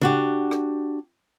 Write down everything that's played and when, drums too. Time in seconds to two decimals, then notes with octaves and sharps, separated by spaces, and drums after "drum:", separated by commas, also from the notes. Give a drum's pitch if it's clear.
0.01 D4 F#4 G4, drum: tom C#3
0.51 drum: rim click